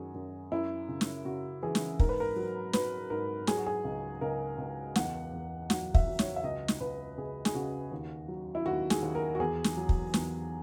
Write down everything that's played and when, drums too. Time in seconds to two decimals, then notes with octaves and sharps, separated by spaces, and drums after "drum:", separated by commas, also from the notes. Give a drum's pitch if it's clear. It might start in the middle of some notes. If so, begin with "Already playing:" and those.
Already playing: F#2 D#3 F#4 G#4
0.14 F#2
0.52 F#2 E4
0.88 C#3
1.01 drum: snare
1.25 C#3 F#4
1.63 E3 G#4
1.75 drum: snare
1.99 G#2 A#4, drum: kick
2.09 B4
2.20 A#4
2.36 F#3
2.73 F#3 B4, drum: snare
3.10 G#2 A#4
3.47 F#3 G#4, drum: snare
3.57 F#4
3.66 G#4
3.85 C#2
4.21 C#2 A#4
4.58 C#2
4.96 E2 F#5, drum: snare
5.33 E2
5.70 F#3 F#5, drum: snare
5.94 E5, drum: kick
6.07 F#3
6.19 C#5, drum: snare
6.36 E5
6.44 C#2 D#5
6.68 drum: snare
6.81 C#2 B4
7.18 C#2 G#4
7.45 G#4, drum: snare
7.55 C#3 F#4
7.91 D#2
8.28 F#3
8.55 E4
8.66 D#2 F#4
8.90 G#4, drum: snare
9.02 D#2
9.15 A#4
9.35 F#4
9.40 E2 G#4
9.64 drum: snare
9.77 F#3
9.89 drum: kick
10.14 E2, drum: snare